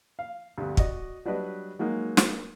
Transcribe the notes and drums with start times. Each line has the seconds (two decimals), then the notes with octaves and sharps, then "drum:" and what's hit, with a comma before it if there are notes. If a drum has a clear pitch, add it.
0.19 F5
0.58 D2 G2 C3
0.77 F#4 D5 D#5, drum: kick
1.25 F#3 G3 D4 B4 D#5
1.79 F#3 G#3 A#3 D#4
2.17 drum: snare